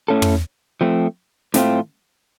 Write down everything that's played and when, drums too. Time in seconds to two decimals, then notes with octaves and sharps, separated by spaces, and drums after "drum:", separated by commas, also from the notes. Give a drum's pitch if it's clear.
0.08 A2 A3 C#4 A4
0.22 drum: tom
0.81 F3 A3 C4
1.54 A2 A3 C4 F4, drum: snare